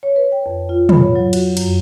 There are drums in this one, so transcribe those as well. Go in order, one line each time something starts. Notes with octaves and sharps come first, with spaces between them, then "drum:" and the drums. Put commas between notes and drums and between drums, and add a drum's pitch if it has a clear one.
C#5
B4
G5
F2
F4
B5, drum: tom
C#5
F#3
F#4, drum: cymbal
F#2, drum: cymbal